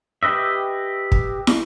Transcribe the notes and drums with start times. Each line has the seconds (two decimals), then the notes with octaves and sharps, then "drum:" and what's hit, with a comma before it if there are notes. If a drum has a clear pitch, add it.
0.23 G4 B4 D#5 E5
1.12 drum: kick
1.47 drum: snare